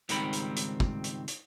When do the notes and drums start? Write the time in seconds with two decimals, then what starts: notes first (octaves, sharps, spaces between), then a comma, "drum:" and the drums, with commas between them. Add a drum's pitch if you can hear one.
0.09 C#2 G#2 D#3 G3 C4 B5, drum: hi-hat
0.33 drum: hi-hat
0.56 drum: hi-hat
0.80 drum: kick
1.04 drum: hi-hat
1.28 drum: hi-hat